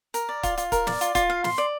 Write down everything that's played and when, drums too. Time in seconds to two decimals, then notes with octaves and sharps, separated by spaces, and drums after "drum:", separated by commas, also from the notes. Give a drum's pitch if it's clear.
0.14 A#4, drum: hi-hat
0.29 D5
0.43 F4, drum: kick C#1, hi-hat
0.58 F4, drum: hi-hat
0.72 A#4, drum: kick C#1, hi-hat
0.87 D5, drum: snare
1.01 F4, drum: hi-hat
1.15 F4, drum: kick C#1, hi-hat
1.30 F5
1.44 C6, drum: snare
1.58 D5